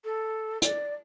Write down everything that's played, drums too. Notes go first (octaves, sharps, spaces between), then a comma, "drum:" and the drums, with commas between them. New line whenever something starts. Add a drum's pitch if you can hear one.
A4
D5, drum: hi-hat